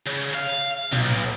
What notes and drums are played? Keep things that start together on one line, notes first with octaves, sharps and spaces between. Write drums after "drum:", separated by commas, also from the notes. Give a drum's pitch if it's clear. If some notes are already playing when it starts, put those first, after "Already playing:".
C#3
F5
B1, drum: tom